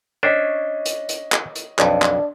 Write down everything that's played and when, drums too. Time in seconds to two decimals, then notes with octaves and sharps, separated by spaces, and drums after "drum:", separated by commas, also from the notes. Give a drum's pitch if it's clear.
0.23 C#4 D4 C5 C#5 D#5 B6
0.85 drum: hi-hat
1.09 drum: hi-hat
1.32 drum: clap
1.55 drum: hi-hat
1.79 B1 F2 D4, drum: clap
2.02 drum: clap